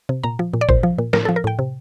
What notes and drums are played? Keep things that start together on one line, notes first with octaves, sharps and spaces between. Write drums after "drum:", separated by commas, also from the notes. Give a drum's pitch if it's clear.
C3
A#2 A#5
F3
A#2
D5
A#2 C5, drum: kick
F3
A#2
A2 A#4, drum: snare
A4
F3
A#4
A2 G5
C3